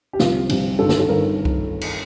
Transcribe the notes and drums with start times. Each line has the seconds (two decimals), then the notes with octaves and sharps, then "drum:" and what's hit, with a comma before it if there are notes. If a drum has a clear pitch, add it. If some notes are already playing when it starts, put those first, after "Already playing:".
0.13 G4
0.19 C2 C3 F3 F4, drum: snare
0.49 C2 C3 F3, drum: cymbal
0.79 G1 G2 D#3 A4
0.89 A4, drum: snare
1.00 A4
1.09 G1 G2 D#3 A#4
1.45 drum: kick C2
1.81 drum: cymbal